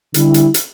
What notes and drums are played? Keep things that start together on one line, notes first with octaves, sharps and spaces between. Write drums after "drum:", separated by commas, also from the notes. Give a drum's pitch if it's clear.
D3 G3 E4, drum: hi-hat
drum: hi-hat
drum: hi-hat